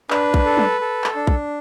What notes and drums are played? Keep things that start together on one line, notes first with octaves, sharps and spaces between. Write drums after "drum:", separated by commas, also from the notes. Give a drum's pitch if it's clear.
D4 B4, drum: clap
drum: kick B1
A4
drum: tom
A4
drum: clap
D4
drum: kick B1